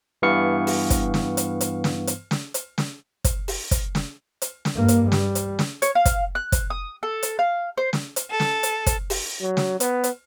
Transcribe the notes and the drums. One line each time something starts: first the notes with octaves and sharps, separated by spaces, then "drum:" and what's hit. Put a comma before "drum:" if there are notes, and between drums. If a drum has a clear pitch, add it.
G2 E3 B3 F5 C#6 C#7
drum: open hi-hat
drum: kick, hi-hat
drum: snare
drum: hi-hat
drum: hi-hat
drum: snare
drum: hi-hat
drum: snare
drum: hi-hat
drum: snare
drum: kick, hi-hat
drum: open hi-hat
drum: kick, hi-hat
drum: snare
drum: hi-hat
drum: snare
G2 A#3
drum: hi-hat
G3, drum: snare
drum: hi-hat
drum: snare
C#5, drum: hi-hat
F5
drum: kick, hi-hat
F#6
drum: kick, hi-hat
D#6
A4
drum: hi-hat
F5
C5
drum: snare
drum: hi-hat
A4
drum: snare
drum: hi-hat
drum: kick, hi-hat
drum: open hi-hat
F#3
drum: snare
B3, drum: hi-hat
drum: hi-hat